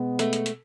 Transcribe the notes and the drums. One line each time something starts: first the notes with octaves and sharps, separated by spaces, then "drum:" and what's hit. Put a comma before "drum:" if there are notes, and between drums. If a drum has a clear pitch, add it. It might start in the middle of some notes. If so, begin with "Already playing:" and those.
Already playing: B2 G#3 B3
A3, drum: hi-hat
drum: hi-hat
drum: hi-hat